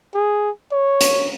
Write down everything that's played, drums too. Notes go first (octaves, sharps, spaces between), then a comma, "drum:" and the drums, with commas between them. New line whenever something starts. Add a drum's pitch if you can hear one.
G#4
C#5
drum: hi-hat